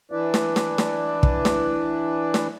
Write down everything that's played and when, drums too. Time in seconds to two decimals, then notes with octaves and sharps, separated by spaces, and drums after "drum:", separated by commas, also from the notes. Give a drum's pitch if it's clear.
0.12 E3 D4 E4 B4 D5
0.34 drum: snare
0.56 drum: snare
0.78 drum: snare
1.23 drum: kick
1.45 drum: snare
2.34 drum: snare